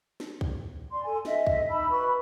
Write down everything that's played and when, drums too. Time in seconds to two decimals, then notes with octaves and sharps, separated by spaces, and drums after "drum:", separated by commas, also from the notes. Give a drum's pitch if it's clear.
0.20 drum: snare
0.41 drum: kick
0.90 D5 C6
1.04 A4 G#5
1.25 D#5 E5, drum: snare
1.47 drum: kick
1.69 D#4 A5 B5 E6
1.89 F#4 B4 B5 C#6